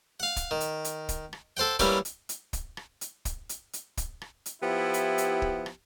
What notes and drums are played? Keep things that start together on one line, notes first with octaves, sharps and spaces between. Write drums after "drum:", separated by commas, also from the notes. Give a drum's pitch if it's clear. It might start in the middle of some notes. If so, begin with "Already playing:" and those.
F5 F#5
drum: kick, hi-hat
D#3
drum: hi-hat
drum: hi-hat
drum: kick, hi-hat
drum: rim click
A4 C5 F#5 G5
E3 G3 A#3 C#4 G5 B5, drum: kick, hi-hat
drum: hi-hat
drum: hi-hat
drum: kick, hi-hat
drum: rim click
drum: hi-hat
drum: kick, hi-hat
drum: hi-hat
drum: hi-hat
drum: kick, hi-hat
drum: rim click
drum: hi-hat
F3 B3 E4 G4
drum: hi-hat
drum: hi-hat
drum: kick
drum: rim click